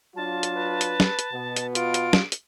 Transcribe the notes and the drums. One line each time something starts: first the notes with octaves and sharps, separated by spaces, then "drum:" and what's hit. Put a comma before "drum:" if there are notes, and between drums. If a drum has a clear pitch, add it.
F#3 D4 F4 A5
drum: hi-hat
B4
drum: hi-hat
drum: snare
drum: hi-hat
B2 B3
drum: hi-hat
F4 D7, drum: hi-hat
drum: hi-hat
drum: snare
drum: hi-hat